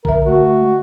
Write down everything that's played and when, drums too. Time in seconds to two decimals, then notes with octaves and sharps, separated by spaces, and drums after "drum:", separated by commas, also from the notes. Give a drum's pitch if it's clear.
0.05 D3 A#4 E5, drum: kick
0.26 A3 F#4
0.63 G#3